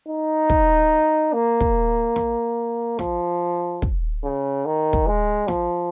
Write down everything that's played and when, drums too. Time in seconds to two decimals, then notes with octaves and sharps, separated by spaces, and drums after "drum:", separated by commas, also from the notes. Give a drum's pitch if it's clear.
0.08 D#4
0.50 drum: kick
1.33 A#3
1.60 drum: kick
2.16 drum: snare
2.99 F3, drum: snare
3.82 drum: kick
4.24 C#3
4.65 D#3
4.93 drum: kick
5.07 G#3
5.48 F3, drum: snare